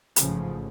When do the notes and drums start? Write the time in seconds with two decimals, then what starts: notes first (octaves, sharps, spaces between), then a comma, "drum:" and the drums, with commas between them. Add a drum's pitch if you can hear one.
0.16 A1 G#2 C#3 F3, drum: hi-hat